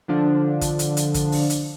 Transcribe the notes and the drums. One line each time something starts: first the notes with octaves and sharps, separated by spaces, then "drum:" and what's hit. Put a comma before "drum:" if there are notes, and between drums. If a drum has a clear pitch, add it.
D3 F3 D4
drum: kick, hi-hat
drum: hi-hat
drum: hi-hat
drum: kick, hi-hat
drum: open hi-hat
drum: hi-hat